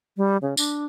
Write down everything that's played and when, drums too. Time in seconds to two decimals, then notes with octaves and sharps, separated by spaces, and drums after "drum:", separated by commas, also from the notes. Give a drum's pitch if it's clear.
0.17 G3
0.42 C#3
0.57 D4, drum: tambourine